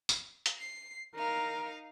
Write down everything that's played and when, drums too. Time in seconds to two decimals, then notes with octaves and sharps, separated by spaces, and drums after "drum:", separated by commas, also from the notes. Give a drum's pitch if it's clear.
0.09 drum: tambourine
0.46 drum: hi-hat
0.60 C7
1.16 D#4 A#4 F5